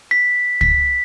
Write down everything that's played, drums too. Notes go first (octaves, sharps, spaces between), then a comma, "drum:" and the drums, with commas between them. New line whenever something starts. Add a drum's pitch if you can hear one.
B6
B6, drum: kick